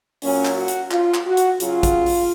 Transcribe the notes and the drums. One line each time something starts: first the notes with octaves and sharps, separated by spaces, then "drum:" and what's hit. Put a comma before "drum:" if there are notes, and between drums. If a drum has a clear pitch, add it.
A#2 F#3 C#4, drum: open hi-hat
drum: clap
F#4
drum: hi-hat
F4, drum: clap
drum: clap
F#4
drum: hi-hat
C#3 F#3 F4, drum: hi-hat
drum: kick, hi-hat
drum: open hi-hat